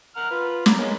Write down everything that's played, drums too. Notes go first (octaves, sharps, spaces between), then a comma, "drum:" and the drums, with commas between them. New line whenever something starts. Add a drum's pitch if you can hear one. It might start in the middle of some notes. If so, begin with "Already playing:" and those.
F#5 A#5 F6
F4 B4
A#5 B5 D6, drum: snare
G#3 A#3 C#4